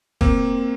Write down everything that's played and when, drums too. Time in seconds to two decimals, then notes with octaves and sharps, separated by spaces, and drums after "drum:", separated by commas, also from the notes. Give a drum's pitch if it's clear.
0.21 A#3 C4, drum: kick